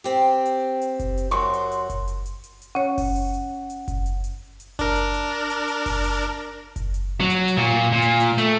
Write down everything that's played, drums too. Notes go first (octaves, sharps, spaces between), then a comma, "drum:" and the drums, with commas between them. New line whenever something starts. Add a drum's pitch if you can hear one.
C4 G4
drum: hi-hat
drum: hi-hat
drum: kick F#1, hi-hat
drum: hi-hat
F#2 F#4 C6
drum: hi-hat
drum: hi-hat
drum: kick F#1, hi-hat
drum: hi-hat
drum: hi-hat
drum: hi-hat
drum: hi-hat
C#4 C#5 F#5
drum: kick F#1, open hi-hat
drum: hi-hat
drum: hi-hat
drum: hi-hat
drum: kick F#1, hi-hat
drum: hi-hat
drum: hi-hat
drum: hi-hat
D4 A#4, drum: kick F#1, hi-hat
drum: hi-hat
drum: hi-hat
drum: hi-hat
drum: hi-hat
drum: kick F#1, open hi-hat
drum: hi-hat
drum: hi-hat
drum: kick F#1, hi-hat
drum: hi-hat
F#3
drum: hi-hat
drum: hi-hat
A#2
A#2
drum: hi-hat
drum: hi-hat
A3, drum: hi-hat